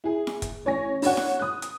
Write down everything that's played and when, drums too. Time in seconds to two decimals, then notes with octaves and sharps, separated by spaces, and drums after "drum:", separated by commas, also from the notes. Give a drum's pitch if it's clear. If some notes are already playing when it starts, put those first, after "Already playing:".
0.04 E4 G#4
0.27 drum: snare E4
0.42 drum: kick, hi-hat
0.65 A1 C#5 G#5 A#6
1.02 D4 F#4 C#5 F#5, drum: open hi-hat
1.17 drum: snare E4
1.39 D#6 F#6
1.62 drum: hi-hat